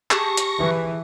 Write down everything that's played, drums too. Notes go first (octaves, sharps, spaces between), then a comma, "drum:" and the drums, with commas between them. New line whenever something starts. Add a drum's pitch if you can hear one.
G4 G#4 A5 C#6 A#6, drum: clap
drum: hi-hat
E3